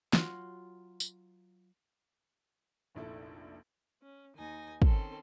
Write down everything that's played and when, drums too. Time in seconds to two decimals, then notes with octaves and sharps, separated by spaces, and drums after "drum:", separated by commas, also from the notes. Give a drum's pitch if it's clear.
0.13 F#3 F4 F#5, drum: snare
1.00 drum: tambourine
2.95 F1 A#1 E4 A4
4.02 C#4
4.35 D#2 D#4 G#5 A#6
4.82 D#3 C4 C#4 A4 C6, drum: kick